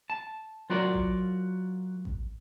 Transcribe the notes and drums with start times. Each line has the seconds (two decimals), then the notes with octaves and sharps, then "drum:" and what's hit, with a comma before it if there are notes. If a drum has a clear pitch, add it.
0.10 A5
0.70 F#3 F4 F#4 A#4 D5
0.93 drum: kick A1
2.05 drum: kick A1